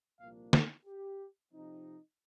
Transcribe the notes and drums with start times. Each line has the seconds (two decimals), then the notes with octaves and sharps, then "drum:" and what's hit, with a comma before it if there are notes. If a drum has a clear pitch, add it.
0.19 C2 A#2 F3 A#3 D4 F5
0.53 G#4, drum: snare
0.85 G4
1.51 C3 F3 C4 D#4